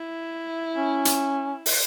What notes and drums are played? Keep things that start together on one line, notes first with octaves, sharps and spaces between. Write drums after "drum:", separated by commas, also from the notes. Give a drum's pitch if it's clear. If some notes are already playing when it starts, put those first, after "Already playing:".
Already playing: E4
C#4
drum: hi-hat
drum: open hi-hat